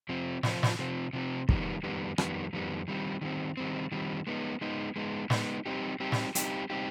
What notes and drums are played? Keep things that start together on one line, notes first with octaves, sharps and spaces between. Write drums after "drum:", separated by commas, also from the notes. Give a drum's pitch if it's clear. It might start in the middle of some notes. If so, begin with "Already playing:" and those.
C3 F3 C4
C3 F3 C4, drum: snare
drum: snare
C3 F3 C4
C3 F3 C4
F2 D#3 G3 B3, drum: kick
F2 D#3 G3 B3
F2 D#3 G3 B3, drum: rim click
F2 D#3 G3 B3
D#3 G3 C4
D#3 G3 C4
D#3 G3 C4
D#3 G3 C4
G#3 B3 D#4
G#3 B3 D#4
G#3 B3 D#4
G#3 B3 D#4, drum: snare
G3 C4 D#4 G4
G3 C4 D#4 G4
drum: snare
G3 C4 D#4 G4, drum: hi-hat
G3 C4 D#4 G4